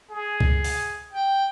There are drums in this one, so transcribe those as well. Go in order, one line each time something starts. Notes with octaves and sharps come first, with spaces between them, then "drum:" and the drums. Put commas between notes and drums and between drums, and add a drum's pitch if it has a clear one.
G#4
drum: kick
drum: open hi-hat
G5